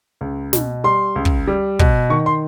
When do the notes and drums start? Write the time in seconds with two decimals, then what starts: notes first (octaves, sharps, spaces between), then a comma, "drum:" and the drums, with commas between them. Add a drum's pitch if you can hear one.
0.21 C#2
0.53 B2, drum: snare
0.84 G3 C6
1.16 C#2
1.25 drum: kick
1.47 G3
1.79 B2, drum: kick
2.10 D#3 C#6
2.26 C6